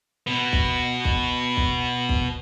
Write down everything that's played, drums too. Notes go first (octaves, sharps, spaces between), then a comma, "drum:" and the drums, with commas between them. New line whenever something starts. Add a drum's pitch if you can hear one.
B2 B3
drum: kick
drum: kick
drum: kick
drum: kick